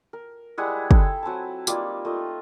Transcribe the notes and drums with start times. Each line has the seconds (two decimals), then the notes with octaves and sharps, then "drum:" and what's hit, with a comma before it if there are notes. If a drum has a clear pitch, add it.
0.13 A#4
0.58 G3 G#3 E4 F#5
0.91 A4 G5, drum: kick
1.23 F#3 C4 G#5 A5
1.67 G3 A#3 D#4 F4, drum: tambourine
2.05 A3 F4 D#5